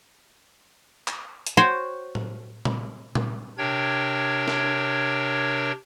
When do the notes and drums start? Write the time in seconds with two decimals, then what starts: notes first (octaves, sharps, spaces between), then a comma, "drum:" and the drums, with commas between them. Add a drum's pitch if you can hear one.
1.08 drum: clap
1.46 drum: hi-hat
1.57 F#4 C5 C#5 G5
2.15 drum: tom A2
2.65 drum: tom A#2
3.15 drum: tom A#2
3.58 C3 D4 A#4 C#5 G5 G#6
4.48 drum: snare